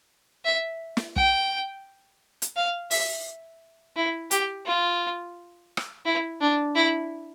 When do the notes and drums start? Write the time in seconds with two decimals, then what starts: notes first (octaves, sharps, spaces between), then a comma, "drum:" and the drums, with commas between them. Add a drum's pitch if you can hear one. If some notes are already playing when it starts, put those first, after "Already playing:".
0.45 E5
0.97 drum: snare
1.16 G5, drum: kick
2.42 drum: hi-hat
2.56 F5
2.91 E5, drum: open hi-hat
3.96 E4
4.31 G4, drum: hi-hat
4.66 F4
5.77 drum: rim click
6.05 E4
6.41 D4
6.75 E4